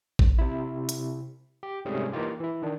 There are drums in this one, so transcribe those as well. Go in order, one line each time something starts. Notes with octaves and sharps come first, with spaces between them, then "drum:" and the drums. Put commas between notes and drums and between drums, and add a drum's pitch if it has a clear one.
drum: kick A1
C3 E4
drum: hi-hat
G4
G#2 C3 G3 A3 C#4 G#4
E3 A#3 D#4 F4 G4
E3 E4
D#3 D4